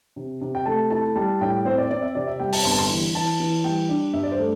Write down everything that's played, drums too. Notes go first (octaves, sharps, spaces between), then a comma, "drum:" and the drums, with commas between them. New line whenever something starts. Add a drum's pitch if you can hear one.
C3
C3
G5
A3 A5
E4 A5
G3 A5
A2 G5
C4 C5
D5
C4 D5
E5
C3 D5
E5
G3 G5
A5, drum: open hi-hat
G1 C6
A5
C6
E3
E3 A5
E3
G3 G5
D4
G2 E5
D5
C5
A3